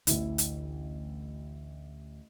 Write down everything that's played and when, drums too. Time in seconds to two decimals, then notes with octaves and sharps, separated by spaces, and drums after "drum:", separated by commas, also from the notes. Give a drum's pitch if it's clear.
0.07 A1 D2 E4, drum: hi-hat
0.38 drum: hi-hat